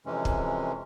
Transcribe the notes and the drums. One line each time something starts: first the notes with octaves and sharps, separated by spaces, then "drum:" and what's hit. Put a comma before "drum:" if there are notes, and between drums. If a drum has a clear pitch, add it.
F2 C3 E3 G#3 C#4
drum: kick